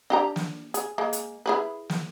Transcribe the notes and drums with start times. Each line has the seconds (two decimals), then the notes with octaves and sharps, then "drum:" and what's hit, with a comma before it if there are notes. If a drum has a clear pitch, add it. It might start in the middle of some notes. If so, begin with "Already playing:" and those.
0.10 D4 G4 A#5
0.36 drum: snare
0.74 G#4, drum: hi-hat
0.98 G#3 A#3
1.13 drum: hi-hat
1.46 E4 G#4 B4
1.89 drum: snare